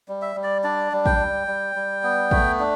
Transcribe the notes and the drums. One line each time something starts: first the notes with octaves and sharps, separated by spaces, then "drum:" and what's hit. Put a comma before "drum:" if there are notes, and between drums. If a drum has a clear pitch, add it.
G3
E5
G3
D5
D4 D5
G3
G5, drum: kick
G3
G3
G3
B3
A3, drum: kick
D4